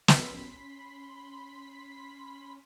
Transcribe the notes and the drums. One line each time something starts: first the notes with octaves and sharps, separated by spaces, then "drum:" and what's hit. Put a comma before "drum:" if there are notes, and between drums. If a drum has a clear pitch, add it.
C#4 B5 C6 B6, drum: snare